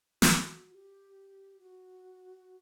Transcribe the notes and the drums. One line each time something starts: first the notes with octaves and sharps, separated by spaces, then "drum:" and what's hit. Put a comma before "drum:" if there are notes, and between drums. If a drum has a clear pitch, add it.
F#4, drum: snare
G4
F#4